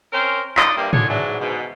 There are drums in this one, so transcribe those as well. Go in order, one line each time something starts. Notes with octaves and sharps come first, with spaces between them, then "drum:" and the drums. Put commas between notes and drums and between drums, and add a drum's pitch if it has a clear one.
C4 C#4 A#4 C5
D#4 F4 D5 D#5, drum: clap
G2 C3 G3 A#3
D3 D4 G#4 C#5, drum: tom
G#2 E3 F#3 D4
G#2 B2